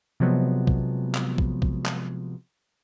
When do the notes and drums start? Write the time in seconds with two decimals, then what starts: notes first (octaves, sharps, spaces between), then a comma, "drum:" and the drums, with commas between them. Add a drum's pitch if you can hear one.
0.20 C3 F3 F#3 G#3 B3
0.67 drum: kick
1.15 drum: clap
1.38 drum: kick
1.62 drum: kick
1.86 drum: clap